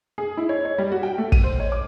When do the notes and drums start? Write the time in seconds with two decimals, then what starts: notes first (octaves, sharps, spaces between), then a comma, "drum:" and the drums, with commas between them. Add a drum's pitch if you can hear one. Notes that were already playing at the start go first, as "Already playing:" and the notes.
0.18 G#4
0.37 E4
0.49 C#5
0.65 C#5
0.78 G3
0.92 F#4
1.03 G5
1.18 A3
1.32 D#7, drum: kick
1.44 C5
1.60 C#5
1.72 D6